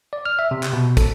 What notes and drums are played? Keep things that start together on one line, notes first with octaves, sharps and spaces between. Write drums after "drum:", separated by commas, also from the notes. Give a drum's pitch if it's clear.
D5
F6
E5
C3
drum: clap
B2
A4, drum: kick, hi-hat